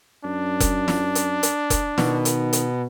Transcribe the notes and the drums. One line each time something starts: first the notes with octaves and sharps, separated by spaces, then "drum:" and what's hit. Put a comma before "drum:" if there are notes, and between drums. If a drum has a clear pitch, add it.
F#2 D4
drum: kick F1, hi-hat
drum: snare
drum: hi-hat
drum: hi-hat
drum: kick F1, hi-hat
B2 D#3, drum: snare
drum: hi-hat
drum: hi-hat